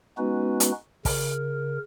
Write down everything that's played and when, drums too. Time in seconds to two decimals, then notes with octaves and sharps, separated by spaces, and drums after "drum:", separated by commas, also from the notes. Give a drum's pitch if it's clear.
0.18 G#3 B3 C#4 D#4 F#4 B4
0.60 drum: hi-hat
1.05 C#3 A#4, drum: kick, open hi-hat